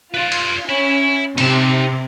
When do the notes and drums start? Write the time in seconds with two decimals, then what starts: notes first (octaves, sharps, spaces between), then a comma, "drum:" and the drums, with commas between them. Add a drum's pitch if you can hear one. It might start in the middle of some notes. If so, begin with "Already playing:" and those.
0.14 F4 B4 D5
0.32 drum: cymbal
0.69 C#4 E5 B5
1.38 C3 D#4 A5, drum: cymbal